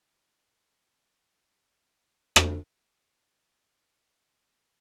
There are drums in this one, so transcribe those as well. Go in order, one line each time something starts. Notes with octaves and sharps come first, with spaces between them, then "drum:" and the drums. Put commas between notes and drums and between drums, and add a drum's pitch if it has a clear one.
C3
D#3
D3 E3 F#3 F#4
G#2 G3
drum: rim click
A2